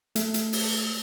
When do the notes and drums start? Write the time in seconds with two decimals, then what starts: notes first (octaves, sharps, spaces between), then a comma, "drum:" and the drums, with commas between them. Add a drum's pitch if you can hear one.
0.16 A3, drum: hi-hat
0.34 drum: hi-hat
0.53 drum: open hi-hat